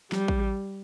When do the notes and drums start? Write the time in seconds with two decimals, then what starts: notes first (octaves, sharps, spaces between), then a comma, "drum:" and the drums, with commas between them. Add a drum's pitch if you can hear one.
0.12 G3, drum: snare
0.28 drum: kick A1